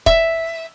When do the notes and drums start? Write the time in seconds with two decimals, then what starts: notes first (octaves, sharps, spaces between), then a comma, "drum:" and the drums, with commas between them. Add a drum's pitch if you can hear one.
0.06 E5, drum: kick